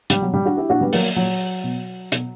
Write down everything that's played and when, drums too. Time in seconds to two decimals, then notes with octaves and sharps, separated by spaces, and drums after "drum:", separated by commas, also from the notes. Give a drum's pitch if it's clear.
0.10 G3, drum: hi-hat
0.22 B2 F#3
0.34 G3
0.45 D4 F#4
0.57 E4 G4
0.69 A#2 D4 F#4
0.81 G3 B3
0.93 F#3 A#3, drum: open hi-hat
1.16 A#2 F#3
1.64 B2
2.12 B2, drum: hi-hat